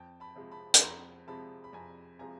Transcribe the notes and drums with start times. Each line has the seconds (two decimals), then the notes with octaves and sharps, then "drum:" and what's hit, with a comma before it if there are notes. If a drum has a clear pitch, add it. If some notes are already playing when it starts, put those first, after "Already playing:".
Already playing: F2 G5 A5
0.20 A5 B5
0.36 C3 F3 G#3
0.51 A5 B5
0.74 B5, drum: hi-hat
0.82 F2 A#5 C6
1.28 C3 F3 G#3 A5 B5
1.64 B5
1.73 F2 G#5 A#5
2.19 C3 F3 G#3 G#5 A#5